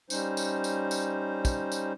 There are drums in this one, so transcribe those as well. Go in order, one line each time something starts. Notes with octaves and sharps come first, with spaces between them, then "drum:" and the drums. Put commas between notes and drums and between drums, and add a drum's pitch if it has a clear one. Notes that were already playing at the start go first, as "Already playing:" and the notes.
G3 C#4 D#4 C5, drum: tambourine
drum: tambourine
drum: tambourine
drum: tambourine
drum: kick, tambourine
drum: tambourine